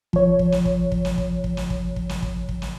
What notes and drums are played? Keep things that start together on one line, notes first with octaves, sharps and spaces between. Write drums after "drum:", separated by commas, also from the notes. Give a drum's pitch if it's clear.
F3 C#5, drum: kick
drum: kick
drum: snare
drum: kick
drum: kick
drum: snare
drum: kick
drum: kick
drum: snare
drum: kick
drum: kick
drum: snare
drum: kick
drum: kick
drum: snare